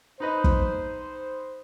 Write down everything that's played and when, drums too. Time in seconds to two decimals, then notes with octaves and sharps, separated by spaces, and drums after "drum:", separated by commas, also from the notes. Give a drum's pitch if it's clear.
0.20 D#4 B4 C5 D#5
0.44 drum: kick